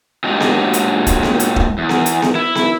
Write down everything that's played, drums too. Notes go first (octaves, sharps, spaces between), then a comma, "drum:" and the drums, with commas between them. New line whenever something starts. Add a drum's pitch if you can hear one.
A#2 F#3 G#3 D4 G4 D#5
drum: snare B3
drum: hi-hat
drum: kick, hi-hat
drum: snare B3
drum: hi-hat
drum: kick
E2
drum: snare B3
drum: hi-hat
drum: snare B3
E4
drum: snare B3